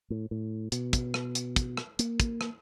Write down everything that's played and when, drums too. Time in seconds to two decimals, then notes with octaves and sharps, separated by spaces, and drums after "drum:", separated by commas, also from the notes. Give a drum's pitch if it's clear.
0.10 A2
0.31 A2
0.72 B2, drum: hi-hat
0.93 drum: kick, hi-hat
1.14 drum: rim click
1.35 drum: hi-hat
1.56 drum: kick, hi-hat
1.77 drum: rim click
1.99 A#3, drum: hi-hat
2.20 drum: kick, hi-hat
2.41 drum: rim click